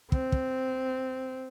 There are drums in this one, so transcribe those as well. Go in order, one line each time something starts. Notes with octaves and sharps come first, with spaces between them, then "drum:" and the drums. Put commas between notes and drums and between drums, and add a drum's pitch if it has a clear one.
C4, drum: kick
drum: kick